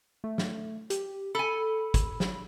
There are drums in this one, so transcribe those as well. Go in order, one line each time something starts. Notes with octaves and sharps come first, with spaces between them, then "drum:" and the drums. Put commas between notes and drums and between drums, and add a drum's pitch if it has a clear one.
A3
drum: snare
G4, drum: hi-hat
A4 G#5 B5
drum: kick, hi-hat
drum: snare